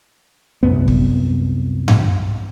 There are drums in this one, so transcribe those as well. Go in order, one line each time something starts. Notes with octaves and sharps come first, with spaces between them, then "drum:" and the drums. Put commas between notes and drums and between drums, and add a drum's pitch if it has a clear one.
C2 F#2 B3
drum: kick
drum: tom G2